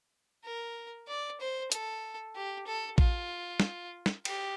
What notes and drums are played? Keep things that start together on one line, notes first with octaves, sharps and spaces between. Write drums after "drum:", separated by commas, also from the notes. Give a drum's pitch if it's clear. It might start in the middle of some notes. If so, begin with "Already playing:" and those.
A#4
D5
C5
A4, drum: hi-hat
G4
A4
F4, drum: kick A1
drum: snare
drum: snare
G4, drum: cymbal